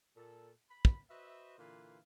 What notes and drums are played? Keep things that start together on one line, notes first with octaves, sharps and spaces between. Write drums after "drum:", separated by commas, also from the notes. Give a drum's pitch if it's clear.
A#2 A4
B5
drum: kick
F#4 B4 C5 D#5 E5
A#2 D3 E3 B4 F5 C6